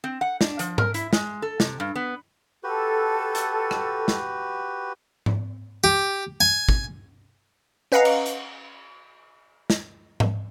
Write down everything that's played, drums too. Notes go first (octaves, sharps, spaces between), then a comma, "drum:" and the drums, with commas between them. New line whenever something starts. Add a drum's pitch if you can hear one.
C4
F#5
D4, drum: snare
F3, drum: hi-hat
A#4, drum: tom G#2
E4, drum: hi-hat
G#3, drum: snare
A4
C3, drum: snare
G2
B3
F#4 G4 A4 B4
drum: hi-hat
drum: rim click
drum: snare
drum: tom G#2
G4
G#5
drum: kick
C#4 B4 D#5 F5 F#5 A#5
drum: cymbal
drum: hi-hat
drum: snare
drum: tom G#2